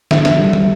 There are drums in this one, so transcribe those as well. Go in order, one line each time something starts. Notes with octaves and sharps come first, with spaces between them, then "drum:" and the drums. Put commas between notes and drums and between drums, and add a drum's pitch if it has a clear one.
D3 E5, drum: snare
drum: snare
G3
drum: tom